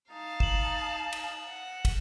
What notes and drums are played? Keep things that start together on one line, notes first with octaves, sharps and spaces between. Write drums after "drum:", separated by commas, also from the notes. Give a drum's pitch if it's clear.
D#4 F5 A5
E7 F#7, drum: kick
drum: cymbal
F#5
drum: kick, cymbal